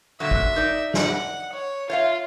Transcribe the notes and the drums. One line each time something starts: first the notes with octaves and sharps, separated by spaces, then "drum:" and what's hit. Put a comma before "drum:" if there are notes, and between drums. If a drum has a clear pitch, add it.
A#2 D3 F#3 E5
drum: kick G1
D#4 A#4 D5
F#5, drum: snare
C#5
F4 C#5 E5 F5